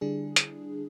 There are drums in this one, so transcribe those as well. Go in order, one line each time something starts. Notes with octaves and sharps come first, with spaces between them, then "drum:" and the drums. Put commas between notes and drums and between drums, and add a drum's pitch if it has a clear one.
D3 G3 D4 E4 G#4
drum: hi-hat